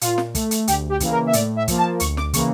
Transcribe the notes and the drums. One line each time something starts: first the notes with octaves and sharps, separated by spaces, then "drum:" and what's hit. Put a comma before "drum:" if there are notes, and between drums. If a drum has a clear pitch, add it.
A#2 F4, drum: hi-hat
drum: snare
A3, drum: kick, hi-hat
drum: hi-hat
D2 G4, drum: hi-hat
G4
C#3 E3 A#3, drum: kick, hi-hat
A#4
E5
A2 D5, drum: hi-hat
E5
F3 A#3, drum: kick, hi-hat
A5
D2 C#6, drum: hi-hat
D6, drum: snare
C#3 E3 A#3 C#6, drum: kick, hi-hat